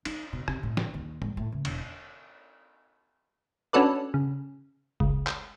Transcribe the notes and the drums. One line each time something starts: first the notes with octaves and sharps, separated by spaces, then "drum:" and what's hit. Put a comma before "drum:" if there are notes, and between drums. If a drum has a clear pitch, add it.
D#4, drum: cymbal
B2
C3, drum: rim click
A2
A#1, drum: snare
D#2
G#2, drum: tom G#2
A2
C#2
E1, drum: cymbal
C#4 D4 F#4 A4 B4 D5
C#3
C#2, drum: kick
drum: clap